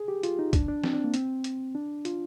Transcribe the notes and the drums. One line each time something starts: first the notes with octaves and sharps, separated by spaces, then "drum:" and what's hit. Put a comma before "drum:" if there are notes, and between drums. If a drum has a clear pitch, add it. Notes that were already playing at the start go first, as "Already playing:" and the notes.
Already playing: G#4
G4
F4, drum: hi-hat
D#4
D4, drum: kick, hi-hat
D4
C4, drum: snare
D4
A#3
C4, drum: hi-hat
drum: hi-hat
D4
F4, drum: hi-hat